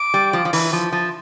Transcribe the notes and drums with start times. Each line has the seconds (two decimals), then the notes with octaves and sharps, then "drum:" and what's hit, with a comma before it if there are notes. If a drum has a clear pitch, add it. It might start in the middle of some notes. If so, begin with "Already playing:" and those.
Already playing: D6
0.14 G3
0.33 F3
0.45 F3
0.53 E3, drum: open hi-hat
0.73 F3
0.92 F3